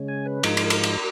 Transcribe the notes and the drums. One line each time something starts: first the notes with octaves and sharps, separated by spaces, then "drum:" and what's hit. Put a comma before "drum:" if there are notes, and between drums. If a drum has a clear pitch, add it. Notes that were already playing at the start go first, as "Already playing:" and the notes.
Already playing: C#3 G#3 C#4
G#5
B4
G#2 F3 G#3 D#4 A#4, drum: cymbal
drum: cymbal
drum: cymbal
drum: cymbal